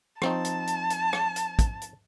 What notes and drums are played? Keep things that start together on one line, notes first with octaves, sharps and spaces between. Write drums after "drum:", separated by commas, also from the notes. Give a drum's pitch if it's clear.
F3 C4 D#4 A5, drum: rim click
drum: hi-hat
drum: hi-hat
drum: hi-hat
drum: rim click
drum: hi-hat
drum: kick, hi-hat
drum: hi-hat